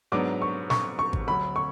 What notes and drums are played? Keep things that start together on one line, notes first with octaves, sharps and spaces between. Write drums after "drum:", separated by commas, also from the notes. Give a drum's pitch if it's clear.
G#2 F#3 B3 D4 D6
C#6
C#6, drum: snare
C#6
drum: kick G#1
D2 D3 F#3 B5
C#6